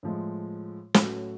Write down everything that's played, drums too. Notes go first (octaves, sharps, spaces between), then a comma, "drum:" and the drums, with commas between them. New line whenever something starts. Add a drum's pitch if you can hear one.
A2 F3 G#3
A2 F#3 A3 C#4 F#4, drum: snare